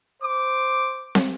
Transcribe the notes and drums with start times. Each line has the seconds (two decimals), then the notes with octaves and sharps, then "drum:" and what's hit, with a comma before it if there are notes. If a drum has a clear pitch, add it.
0.23 C5 D6
1.15 drum: snare